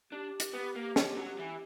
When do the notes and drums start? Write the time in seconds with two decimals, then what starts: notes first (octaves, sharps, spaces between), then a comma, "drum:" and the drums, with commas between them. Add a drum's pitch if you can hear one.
0.11 D4 G4
0.40 drum: hi-hat
0.53 B3
0.75 A#3
0.96 drum: snare
1.17 F#3
1.39 E3